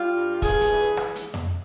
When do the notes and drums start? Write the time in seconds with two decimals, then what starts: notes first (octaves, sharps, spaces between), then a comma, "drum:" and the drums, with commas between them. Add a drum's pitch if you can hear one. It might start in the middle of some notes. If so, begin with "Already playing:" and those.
Already playing: G3 F4
0.15 G2
0.42 G2 G#4, drum: kick, hi-hat
0.61 drum: hi-hat
0.71 E3
0.97 drum: rim click
1.15 drum: hi-hat
1.34 drum: tom F2